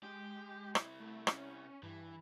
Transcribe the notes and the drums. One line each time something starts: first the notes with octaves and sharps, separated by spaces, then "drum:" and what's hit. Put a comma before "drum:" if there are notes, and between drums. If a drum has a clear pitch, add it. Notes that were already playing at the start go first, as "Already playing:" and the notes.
G#3 G4
C3 E4, drum: rim click
A3
C#4, drum: rim click
G2 E3